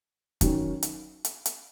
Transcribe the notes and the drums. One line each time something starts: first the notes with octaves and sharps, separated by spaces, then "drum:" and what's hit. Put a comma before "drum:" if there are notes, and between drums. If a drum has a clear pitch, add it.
D#3 F#3 C#4, drum: kick, hi-hat
drum: hi-hat
drum: hi-hat
drum: hi-hat